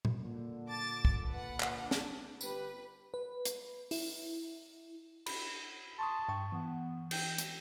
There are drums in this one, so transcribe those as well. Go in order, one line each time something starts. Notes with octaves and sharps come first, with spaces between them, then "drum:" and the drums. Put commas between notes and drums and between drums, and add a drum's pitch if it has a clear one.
drum: tom A#2
A#2 D3
A5 D6 A6
drum: kick
B4 F#5
drum: clap
D4
drum: snare
G1 G4 B4, drum: tambourine
B4
drum: hi-hat
E4, drum: open hi-hat
B5, drum: cymbal
A5 C6 C#6 D#6
G2 G5 C#6
E3 B3
G5, drum: cymbal
drum: hi-hat